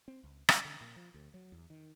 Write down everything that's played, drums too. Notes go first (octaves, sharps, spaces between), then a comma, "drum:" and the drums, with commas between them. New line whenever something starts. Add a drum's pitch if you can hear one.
C4
C#2
G3, drum: rim click
D3
A#2
F3
D2
F#3
E2
D#3